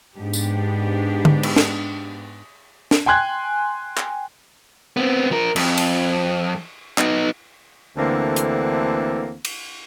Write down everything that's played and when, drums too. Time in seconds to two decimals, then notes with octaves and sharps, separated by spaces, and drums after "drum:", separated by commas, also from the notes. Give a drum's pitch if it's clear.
0.17 G#2 B3 D4 G4
0.33 drum: tambourine
1.25 drum: tom D3
1.43 drum: cymbal
1.56 drum: snare
2.91 drum: snare
3.06 G5 G#5 C6 F#6 G#6
3.97 drum: clap
4.97 B3 C4
5.31 F3 A#4
5.56 F2, drum: cymbal
5.78 drum: cymbal
6.98 B3 D#4, drum: clap
7.97 D2 D3 E3 A#3 C4
8.36 drum: hi-hat
9.45 drum: cymbal